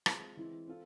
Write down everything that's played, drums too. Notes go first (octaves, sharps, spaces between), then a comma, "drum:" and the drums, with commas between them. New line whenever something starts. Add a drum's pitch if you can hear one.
G#3 C4 F4, drum: rim click
E3 G#3 C4 E4
C4 F4 A4